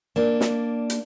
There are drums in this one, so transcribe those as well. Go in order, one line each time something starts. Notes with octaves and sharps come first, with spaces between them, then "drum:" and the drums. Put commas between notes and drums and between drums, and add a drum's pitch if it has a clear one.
A#3 D4
drum: snare
drum: hi-hat